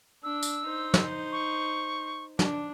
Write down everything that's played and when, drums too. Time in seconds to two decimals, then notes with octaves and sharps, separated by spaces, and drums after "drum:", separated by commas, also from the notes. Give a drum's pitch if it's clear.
0.23 D4 E6
0.43 drum: tambourine
0.66 D#4 C5
0.94 drum: snare
1.32 C#6
2.39 D4, drum: snare